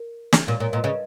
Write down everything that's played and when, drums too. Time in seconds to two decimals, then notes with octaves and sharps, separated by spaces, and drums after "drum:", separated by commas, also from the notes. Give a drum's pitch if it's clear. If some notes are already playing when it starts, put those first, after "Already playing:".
Already playing: A#4
0.32 drum: snare
0.48 A#2 C#5 F5
0.60 A#2 A#4 C#5
0.72 A#2 B4 D#5
0.84 C#3 B4 D#5